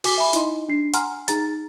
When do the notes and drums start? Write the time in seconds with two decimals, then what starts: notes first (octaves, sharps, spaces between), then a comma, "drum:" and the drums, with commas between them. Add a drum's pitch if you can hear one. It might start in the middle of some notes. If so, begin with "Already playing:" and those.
0.04 F#4 G#5 D6 B6, drum: open hi-hat
0.18 E5 G#5 B5
0.33 D#4 E4 D#5 C6, drum: hi-hat
0.68 D4 C7
0.93 F#5 G#5 A#5 C6 F6, drum: hi-hat
1.28 D#4 G#4 A#5 A6, drum: hi-hat